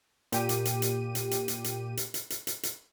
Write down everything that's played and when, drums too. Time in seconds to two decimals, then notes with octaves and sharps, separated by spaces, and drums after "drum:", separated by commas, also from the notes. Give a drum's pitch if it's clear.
0.32 A#2 G4 D#7, drum: hi-hat
0.49 drum: hi-hat
0.65 drum: hi-hat
0.82 drum: hi-hat
1.15 drum: hi-hat
1.31 drum: hi-hat
1.48 drum: hi-hat
1.64 drum: hi-hat
1.97 drum: hi-hat
2.14 drum: hi-hat
2.30 drum: hi-hat
2.47 drum: hi-hat
2.63 drum: hi-hat